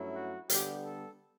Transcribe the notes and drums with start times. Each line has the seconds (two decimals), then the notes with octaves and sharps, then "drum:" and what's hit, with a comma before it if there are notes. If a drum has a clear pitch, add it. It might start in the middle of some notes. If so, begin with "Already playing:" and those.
Already playing: G2 F#3 A3 C#4 E4
0.14 F#4
0.50 D3 G3 B3 G4, drum: hi-hat
0.85 A4